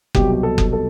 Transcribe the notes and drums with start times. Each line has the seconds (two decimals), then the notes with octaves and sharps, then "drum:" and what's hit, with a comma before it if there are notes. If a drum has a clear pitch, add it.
0.15 C2 B2 F#3 G4, drum: kick F#1
0.32 G4
0.43 A4
0.58 drum: kick F#1
0.73 A4